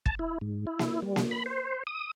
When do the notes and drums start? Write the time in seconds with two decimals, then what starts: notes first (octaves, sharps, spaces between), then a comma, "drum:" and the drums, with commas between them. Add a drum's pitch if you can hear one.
0.06 A5, drum: kick
0.19 E4
0.41 G#2
0.67 E4
0.79 drum: snare A#3
1.02 G3
1.16 drum: snare A#3
1.31 B5
1.46 C5
1.87 D#6